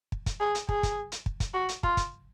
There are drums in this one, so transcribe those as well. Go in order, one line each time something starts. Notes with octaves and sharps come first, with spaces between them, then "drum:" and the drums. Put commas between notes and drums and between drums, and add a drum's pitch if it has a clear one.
drum: kick
drum: kick, hi-hat
G#4
drum: hi-hat
G#4, drum: kick
drum: kick, hi-hat
drum: hi-hat
drum: kick
drum: kick, hi-hat
F#4
drum: hi-hat
F4, drum: kick
drum: kick, hi-hat